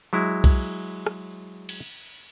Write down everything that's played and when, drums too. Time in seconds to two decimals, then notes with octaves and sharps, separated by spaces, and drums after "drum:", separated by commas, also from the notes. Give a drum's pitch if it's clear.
0.13 F#3 G#3 E4
0.44 drum: kick B1, cymbal
1.06 drum: rim click
1.69 drum: cymbal